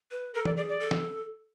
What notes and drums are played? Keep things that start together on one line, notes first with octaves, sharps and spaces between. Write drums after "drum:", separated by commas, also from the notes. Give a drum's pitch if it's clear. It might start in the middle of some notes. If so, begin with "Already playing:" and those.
B4
A4 A#4
D5, drum: tom E3
G#4 D5
D5
A4
drum: snare